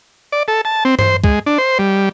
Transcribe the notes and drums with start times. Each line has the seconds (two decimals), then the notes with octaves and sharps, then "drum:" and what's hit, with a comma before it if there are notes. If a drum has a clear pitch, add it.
0.32 D5
0.48 A4
0.65 A5
0.85 C4
0.99 C5, drum: tom G2
1.24 G#3, drum: kick
1.46 D4
1.58 C5
1.79 G3